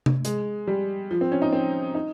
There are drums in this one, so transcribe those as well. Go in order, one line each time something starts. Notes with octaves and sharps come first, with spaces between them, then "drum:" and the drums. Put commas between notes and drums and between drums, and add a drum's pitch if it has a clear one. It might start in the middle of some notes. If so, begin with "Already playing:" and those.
drum: tom C3
G#3, drum: hi-hat
G3
F3
C4
C#4
D#4
C4
D#4